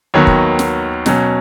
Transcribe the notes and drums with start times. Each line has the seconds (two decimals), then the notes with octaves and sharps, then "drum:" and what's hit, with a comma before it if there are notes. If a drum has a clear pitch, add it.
0.14 D#2 D#3 F#3 B3 C#5
0.27 drum: kick
0.59 drum: snare
1.06 B2 F#3 C#4, drum: snare